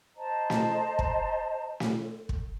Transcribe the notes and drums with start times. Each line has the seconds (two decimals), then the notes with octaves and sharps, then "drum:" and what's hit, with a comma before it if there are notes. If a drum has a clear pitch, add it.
0.17 C5 D#5 A5 A#5
0.50 drum: snare
0.99 drum: kick
1.80 drum: snare
2.29 drum: kick